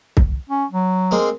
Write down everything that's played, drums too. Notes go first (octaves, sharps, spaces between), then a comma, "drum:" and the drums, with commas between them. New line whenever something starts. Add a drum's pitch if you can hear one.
drum: kick C2
C#4
F#3
G#3 A#3 C4